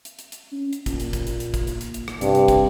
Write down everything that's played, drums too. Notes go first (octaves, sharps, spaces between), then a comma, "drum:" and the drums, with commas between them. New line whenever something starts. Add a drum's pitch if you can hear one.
drum: hi-hat
drum: hi-hat
drum: hi-hat
C#4
drum: hi-hat
A#2, drum: kick, hi-hat
drum: hi-hat
drum: kick, hi-hat
drum: hi-hat
drum: hi-hat
drum: kick, hi-hat
drum: hi-hat
drum: hi-hat
drum: hi-hat
drum: rim click
G2 C3, drum: hi-hat
drum: hi-hat
drum: kick, hi-hat